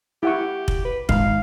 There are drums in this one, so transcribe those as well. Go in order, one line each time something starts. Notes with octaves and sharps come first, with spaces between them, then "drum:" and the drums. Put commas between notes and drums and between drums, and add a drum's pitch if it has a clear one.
E4 G4 F#5 C#6
drum: kick
B4
G#1 G#2 G#3 F5, drum: kick